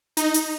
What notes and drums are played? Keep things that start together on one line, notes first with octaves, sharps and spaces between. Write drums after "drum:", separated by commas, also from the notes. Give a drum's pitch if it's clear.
D#4, drum: hi-hat
drum: hi-hat